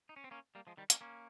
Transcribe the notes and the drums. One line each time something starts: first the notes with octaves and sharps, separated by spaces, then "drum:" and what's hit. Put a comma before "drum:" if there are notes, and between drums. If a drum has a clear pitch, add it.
D#4
C#4
C4
A#3 C#4
G3 A#3
F3 G#3
D#3 G3
A#3 C#4, drum: hi-hat
A#3 C#4